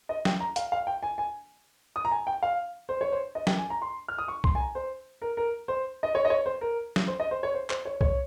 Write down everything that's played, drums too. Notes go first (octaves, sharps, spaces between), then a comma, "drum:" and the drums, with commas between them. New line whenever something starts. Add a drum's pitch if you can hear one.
D#5
G5, drum: snare
A#5
F5, drum: hi-hat
F5
G5
G#5
G#5
D#6
A#5
G#5
G5
F5
C5
C#5
C5
D#5
G5, drum: snare
G#5
A#5
C6
F6
D#6
C#6
C6, drum: kick C2
G#5
A#5
C5
A#4
A#4
C5
D#5
C#5
D#5
C#5
C5
A#4
drum: snare
C5
D#5
C5
C#5
C5
C5, drum: clap
C#5
C#5, drum: kick C2